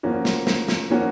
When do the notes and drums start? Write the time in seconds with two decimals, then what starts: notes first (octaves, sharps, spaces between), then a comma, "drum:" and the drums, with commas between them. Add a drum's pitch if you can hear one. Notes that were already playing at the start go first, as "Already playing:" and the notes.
0.03 F3 A#3 C#4 F#4
0.25 drum: snare
0.47 drum: snare
0.68 drum: snare
0.90 F3 A#3 C#4 F#4